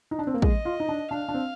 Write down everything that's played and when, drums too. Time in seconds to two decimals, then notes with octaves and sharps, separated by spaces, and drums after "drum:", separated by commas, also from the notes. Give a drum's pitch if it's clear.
0.11 D#4
0.19 D4
0.27 C4
0.34 A#3
0.42 G#3 D#5, drum: kick
0.65 F4
0.80 D#4
0.89 D4
1.11 D4 F5
1.28 D4
1.34 C4